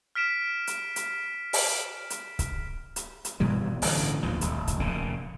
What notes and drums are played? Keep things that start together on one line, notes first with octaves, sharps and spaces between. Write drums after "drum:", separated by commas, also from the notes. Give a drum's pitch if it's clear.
F6 B6 D7 E7
drum: hi-hat
drum: hi-hat
drum: open hi-hat
drum: hi-hat
drum: kick C#1, hi-hat
drum: hi-hat
drum: hi-hat
G2 B2 E3 G3
A1 D3 E3, drum: open hi-hat
D1 G#1 D#2 F3
D1, drum: hi-hat
drum: kick C#1, hi-hat
F1 A#2 C#3